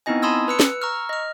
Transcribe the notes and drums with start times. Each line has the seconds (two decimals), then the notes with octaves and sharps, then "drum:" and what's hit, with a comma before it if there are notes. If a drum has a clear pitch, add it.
0.06 B3 C4 D#4 E4 D#5 G#5
0.22 A5 B5 C6 D#6 E6 G#6
0.48 B4 E6 C#7
0.60 drum: snare
0.82 A#5 C#6 E6 F6
1.09 D#5 F6